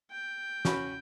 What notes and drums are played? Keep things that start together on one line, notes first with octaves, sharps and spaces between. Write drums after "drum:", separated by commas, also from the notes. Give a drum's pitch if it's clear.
G5
C#4 F#4 B5, drum: snare